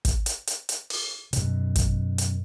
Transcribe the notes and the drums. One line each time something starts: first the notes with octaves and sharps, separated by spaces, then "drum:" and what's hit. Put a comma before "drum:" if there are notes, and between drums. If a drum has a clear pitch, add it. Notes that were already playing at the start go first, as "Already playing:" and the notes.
drum: kick, hi-hat
drum: hi-hat
drum: hi-hat
drum: hi-hat
drum: open hi-hat
F#2 B2, drum: hi-hat
drum: kick, hi-hat
drum: hi-hat